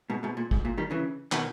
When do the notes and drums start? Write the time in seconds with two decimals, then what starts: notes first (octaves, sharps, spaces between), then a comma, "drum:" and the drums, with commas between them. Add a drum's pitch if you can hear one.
0.10 G#2 B2
0.23 G#2 B2
0.37 A#2
0.51 G#2, drum: kick G#1
0.65 A#2
0.78 D#3 G3
0.91 C#3 E3
1.32 B2 D#3, drum: clap